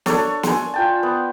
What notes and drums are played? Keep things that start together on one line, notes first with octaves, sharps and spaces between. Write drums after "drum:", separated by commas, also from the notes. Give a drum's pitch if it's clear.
D4 A4 C#5, drum: snare
G#5 C6, drum: snare
F4 G5 A5
B3